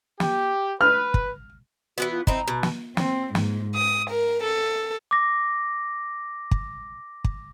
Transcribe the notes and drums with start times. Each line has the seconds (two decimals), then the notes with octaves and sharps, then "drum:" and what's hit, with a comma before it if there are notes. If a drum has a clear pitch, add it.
0.20 G4, drum: snare
0.81 B4 F6
1.14 drum: kick
1.98 E3 G#3 B3 F#4
2.12 F4
2.27 C4 D#4 E4 A#5, drum: kick
2.48 B2
2.63 drum: snare
2.97 C4, drum: snare
3.35 G#2, drum: snare
3.75 D#6
4.09 A#4
4.42 A4
5.11 D6 A#6
6.51 drum: kick
7.24 drum: kick